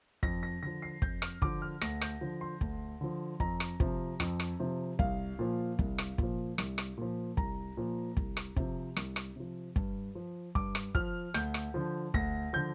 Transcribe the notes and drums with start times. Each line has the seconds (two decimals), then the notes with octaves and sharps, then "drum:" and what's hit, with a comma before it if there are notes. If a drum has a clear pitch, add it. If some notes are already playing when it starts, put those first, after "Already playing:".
0.23 F2 A#6, drum: kick
0.43 A#6
0.62 D3 F3 A#6
0.82 C7
1.02 F2 G6, drum: kick
1.22 F6, drum: rim click
1.42 D3 F3 D6, drum: kick
1.62 F6
1.81 D2 A#6, drum: rim click
2.01 G6, drum: rim click
2.21 D3 F3
2.41 C6
2.61 D2, drum: kick
3.01 D3 F3
3.40 F2 A#5, drum: kick
3.60 drum: rim click
3.80 C3 F3, drum: kick
4.20 F2, drum: rim click
4.40 drum: rim click
4.60 C3 F3
4.99 C2 F5, drum: kick
5.39 A#2 F3
5.79 C2, drum: kick
5.98 drum: rim click
6.18 A#2 F3, drum: kick
6.58 C2, drum: rim click
6.78 drum: rim click
6.98 A#2 F3
7.37 C2 A#5, drum: kick
7.77 A#2 F3
8.17 C2, drum: kick
8.37 drum: rim click
8.57 C3 F3, drum: kick
8.96 C2, drum: rim click
9.16 drum: rim click
9.36 C3 F3
9.76 G2, drum: kick
10.15 F3
10.55 G2 D6, drum: kick
10.75 drum: rim click
10.95 F3 F6, drum: kick
11.34 D2 G6, drum: rim click
11.54 drum: rim click
11.74 D3 F3
12.14 D2 A#6, drum: kick
12.53 D3 F3 G6